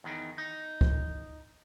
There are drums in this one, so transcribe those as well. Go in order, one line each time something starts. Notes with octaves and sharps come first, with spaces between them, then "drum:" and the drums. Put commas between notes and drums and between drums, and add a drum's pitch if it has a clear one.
E2 D#3
D#4
drum: kick C#2